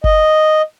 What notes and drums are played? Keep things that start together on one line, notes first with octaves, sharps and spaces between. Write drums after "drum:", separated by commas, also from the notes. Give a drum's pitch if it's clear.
D#5, drum: kick F#1